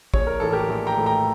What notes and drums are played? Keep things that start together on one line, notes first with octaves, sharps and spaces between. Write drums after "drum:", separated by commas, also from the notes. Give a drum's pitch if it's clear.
A#1 C#5, drum: kick
A#4
A2 E3 A3 A4
G4 A#4
A#1
G5 A#5
A2 E3 A3
G5 A#5